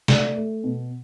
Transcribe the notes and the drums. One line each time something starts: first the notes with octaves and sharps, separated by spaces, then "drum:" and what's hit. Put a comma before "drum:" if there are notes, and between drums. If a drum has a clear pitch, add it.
A3 D5, drum: snare
A3
B2